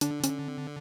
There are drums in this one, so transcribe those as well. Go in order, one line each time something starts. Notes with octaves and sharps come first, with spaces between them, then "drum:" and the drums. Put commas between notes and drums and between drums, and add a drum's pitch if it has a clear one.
D3 D4, drum: hi-hat
C#4, drum: hi-hat
C4